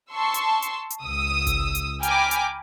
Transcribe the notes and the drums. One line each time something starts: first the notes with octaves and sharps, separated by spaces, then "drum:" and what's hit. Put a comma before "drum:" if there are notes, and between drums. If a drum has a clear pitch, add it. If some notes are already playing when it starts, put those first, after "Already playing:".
A5 C6 C#6 E6
drum: hi-hat
drum: hi-hat
drum: hi-hat
C#2 D#6 E6
drum: kick G#1, hi-hat
drum: hi-hat
G5 G#5 A#5 B5 D6 F6, drum: hi-hat
drum: hi-hat